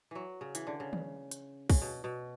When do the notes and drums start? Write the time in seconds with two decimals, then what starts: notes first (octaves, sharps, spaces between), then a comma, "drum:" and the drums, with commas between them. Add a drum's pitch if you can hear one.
0.11 E3 F#3
0.41 C#3
0.55 E3, drum: hi-hat
0.67 D3
0.80 C#3
0.93 drum: tom D#3
1.31 drum: hi-hat
1.70 C#3, drum: kick, open hi-hat
1.82 B2
2.04 B2